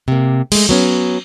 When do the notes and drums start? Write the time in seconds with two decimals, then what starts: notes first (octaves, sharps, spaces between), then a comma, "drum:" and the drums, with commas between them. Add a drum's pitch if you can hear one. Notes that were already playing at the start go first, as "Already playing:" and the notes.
0.08 C3 A#3
0.52 G#3 A3, drum: cymbal
0.69 F#3 B3 C#4